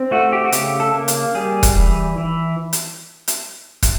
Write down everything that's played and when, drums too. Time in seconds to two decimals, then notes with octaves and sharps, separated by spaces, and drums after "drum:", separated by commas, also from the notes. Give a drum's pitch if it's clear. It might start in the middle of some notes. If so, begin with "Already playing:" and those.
Already playing: C4
0.11 A3 F#4
0.32 G4
0.45 F#4
0.52 C#3 G4, drum: hi-hat
0.80 A4
0.94 A#3
1.08 drum: hi-hat
1.35 G3 G#4
1.63 drum: kick, hi-hat
1.76 E3
2.18 E3
2.73 drum: hi-hat
3.28 drum: hi-hat
3.83 drum: kick, hi-hat